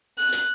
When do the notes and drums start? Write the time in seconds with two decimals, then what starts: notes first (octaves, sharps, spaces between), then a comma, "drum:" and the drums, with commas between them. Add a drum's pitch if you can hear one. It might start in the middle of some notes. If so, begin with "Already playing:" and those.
0.19 F#6
0.32 drum: hi-hat